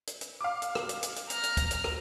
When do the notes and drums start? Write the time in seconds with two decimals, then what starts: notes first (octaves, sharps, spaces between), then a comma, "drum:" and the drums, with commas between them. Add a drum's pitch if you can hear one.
0.07 drum: hi-hat
0.21 drum: hi-hat
0.41 F5 D6
0.62 drum: hi-hat
0.75 drum: rim click
0.89 drum: hi-hat
1.03 drum: hi-hat
1.16 drum: hi-hat
1.30 A#5 F6, drum: hi-hat
1.43 drum: hi-hat
1.57 drum: kick, hi-hat
1.71 drum: hi-hat
1.84 drum: rim click